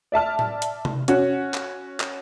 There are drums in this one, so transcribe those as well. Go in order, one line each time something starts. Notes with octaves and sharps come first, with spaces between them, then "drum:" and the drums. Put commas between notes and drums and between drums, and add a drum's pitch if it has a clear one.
D5 E5 A5 F6
drum: tom A2
drum: hi-hat
drum: tom C3
C#4 F#4, drum: hi-hat
drum: clap
drum: clap